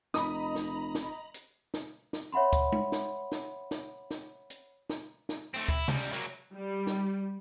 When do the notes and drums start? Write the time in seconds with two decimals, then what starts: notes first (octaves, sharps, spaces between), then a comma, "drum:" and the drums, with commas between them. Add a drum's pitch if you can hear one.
0.14 F1 D#5 A#5 B5 D#6, drum: snare
0.55 drum: snare
0.95 drum: snare
1.34 drum: hi-hat
1.74 drum: snare
2.13 drum: snare
2.32 C#5 E5 F#5 B5 C6
2.53 drum: kick, hi-hat
2.72 drum: tom G#3
2.92 drum: snare
3.32 drum: snare
3.71 drum: snare
4.11 drum: snare
4.50 drum: hi-hat
4.90 drum: snare
5.29 drum: snare
5.54 A3 C4
5.68 E4, drum: kick, hi-hat
5.88 C#2 G3, drum: tom C3
6.12 F#3 A#3
6.53 G3
6.87 drum: snare